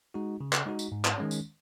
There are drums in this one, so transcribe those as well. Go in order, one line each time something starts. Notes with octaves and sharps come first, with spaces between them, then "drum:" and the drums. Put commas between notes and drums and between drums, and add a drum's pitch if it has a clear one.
G#3 D#4 F#4
C#3
drum: clap
G#3 D#4 F#4
drum: tambourine
G#2
drum: clap
D#3 G#3 C#4
drum: tambourine